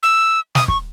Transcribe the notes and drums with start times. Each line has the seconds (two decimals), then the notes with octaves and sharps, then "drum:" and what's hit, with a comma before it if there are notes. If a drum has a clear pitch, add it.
0.03 E6
0.55 D#6, drum: snare
0.68 C#6, drum: kick